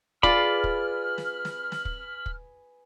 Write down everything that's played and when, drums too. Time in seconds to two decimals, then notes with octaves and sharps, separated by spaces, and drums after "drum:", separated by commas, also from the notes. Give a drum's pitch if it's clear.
0.23 F4 G#4 B4 D5 B5 F6, drum: kick
0.64 drum: kick
1.18 drum: snare
1.45 drum: snare
1.72 drum: snare
1.85 drum: kick
2.26 drum: kick